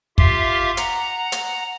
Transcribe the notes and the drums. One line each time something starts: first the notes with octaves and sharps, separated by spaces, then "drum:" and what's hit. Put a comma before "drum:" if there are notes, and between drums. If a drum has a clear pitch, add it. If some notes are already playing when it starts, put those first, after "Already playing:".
F4 G4 E5 F5 C6 D6, drum: kick
F#5 A#5, drum: hi-hat
drum: hi-hat